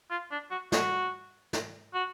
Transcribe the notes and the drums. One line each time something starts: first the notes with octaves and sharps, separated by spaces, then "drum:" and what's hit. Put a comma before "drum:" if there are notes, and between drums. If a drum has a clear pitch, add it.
F4
D4
F#4
F#4, drum: snare
drum: snare
F#4